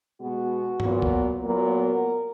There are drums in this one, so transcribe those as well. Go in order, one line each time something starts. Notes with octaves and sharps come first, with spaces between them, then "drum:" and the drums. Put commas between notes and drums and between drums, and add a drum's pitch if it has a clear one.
B2 G#3 B3 F#4
A#2 F#3 B3, drum: tom G2
drum: kick C2
A#2 F#3 B3 A#4